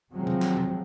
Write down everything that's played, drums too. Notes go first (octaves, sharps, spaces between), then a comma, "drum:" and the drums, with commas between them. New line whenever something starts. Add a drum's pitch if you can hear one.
C3 D#3 F3 F#3 G#3 C4
drum: tom C3
drum: clap
drum: tom C3